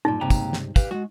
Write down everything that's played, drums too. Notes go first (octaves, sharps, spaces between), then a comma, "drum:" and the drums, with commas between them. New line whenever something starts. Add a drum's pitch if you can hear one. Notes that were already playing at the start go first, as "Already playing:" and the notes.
B1 G2 A#2 D#4
C#2 G2 C3 A#3 G5 A#5
drum: kick, tambourine
drum: snare
G4 B4 F5, drum: kick, tambourine
G3 G#3 F#4